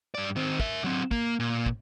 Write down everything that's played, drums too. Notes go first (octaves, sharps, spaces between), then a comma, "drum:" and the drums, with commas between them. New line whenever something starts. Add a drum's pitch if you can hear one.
G2 D5
D#3 C4
A#4 E5, drum: kick
F#3 C4
A#3, drum: kick
A#2
drum: kick